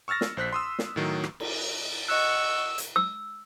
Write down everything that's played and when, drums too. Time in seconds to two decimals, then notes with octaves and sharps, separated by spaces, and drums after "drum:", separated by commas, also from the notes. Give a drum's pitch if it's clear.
0.08 C#6 E6 F6 A6 A#6
0.21 drum: snare
0.37 A#1 C5 F#6 B6
0.53 C6 D#6 E6
0.79 drum: snare
0.96 A2 D#3 F#3
1.24 drum: rim click
1.40 drum: cymbal
2.08 D#5 F#5 C#6 E6 F#6
2.78 drum: hi-hat
2.96 E6